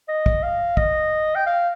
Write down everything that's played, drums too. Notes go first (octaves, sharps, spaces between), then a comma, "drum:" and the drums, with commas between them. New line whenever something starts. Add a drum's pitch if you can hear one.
D#5
drum: kick
F5
D#5, drum: kick
G5
F5